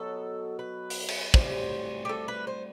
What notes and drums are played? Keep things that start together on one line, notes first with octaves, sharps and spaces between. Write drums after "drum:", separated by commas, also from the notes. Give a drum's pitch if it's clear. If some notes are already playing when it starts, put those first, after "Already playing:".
Already playing: B2 F#3 B3 A4
B4
drum: open hi-hat
drum: cymbal
A2 G3 C4 F#4 C5, drum: kick
G4
A4
B4
C5